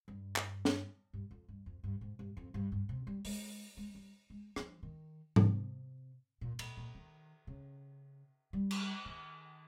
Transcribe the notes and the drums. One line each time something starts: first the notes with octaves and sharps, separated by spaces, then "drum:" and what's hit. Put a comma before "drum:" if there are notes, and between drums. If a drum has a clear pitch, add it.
G2
drum: clap
drum: snare
G2
F2
G2
F2
G2
G#2
G2
F2
G2
G2
C3
G3
G#3, drum: open hi-hat
G#3
G3
G#3
F3, drum: rim click
D#3
C3, drum: tom G#2
A#2
A#2, drum: cymbal
A#2
D#3
C#3
G3
drum: cymbal
D#3